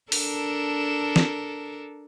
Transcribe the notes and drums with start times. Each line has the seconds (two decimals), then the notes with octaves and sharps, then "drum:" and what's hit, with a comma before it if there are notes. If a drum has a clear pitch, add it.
0.12 D4 A4 A#4, drum: open hi-hat
1.16 drum: snare